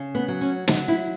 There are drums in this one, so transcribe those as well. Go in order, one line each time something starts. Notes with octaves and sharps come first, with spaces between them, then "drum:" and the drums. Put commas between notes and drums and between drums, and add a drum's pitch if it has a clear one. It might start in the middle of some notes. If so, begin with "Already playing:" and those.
Already playing: C#3
B3
F#3
C#4
F#3 D#4, drum: snare
E4